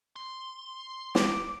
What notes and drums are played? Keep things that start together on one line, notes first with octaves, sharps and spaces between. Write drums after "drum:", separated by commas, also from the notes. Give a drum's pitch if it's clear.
C6
D6, drum: snare